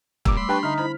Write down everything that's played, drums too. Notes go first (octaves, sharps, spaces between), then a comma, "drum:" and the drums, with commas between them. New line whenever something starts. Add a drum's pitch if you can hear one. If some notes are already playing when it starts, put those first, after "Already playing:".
G2 A#2 D6 E6, drum: kick
G3 A3 B5 C6
D4 G4 B4 G5 A5 C#6
D3 D#4 E5 F6 B6
E4 C5 A#5 B5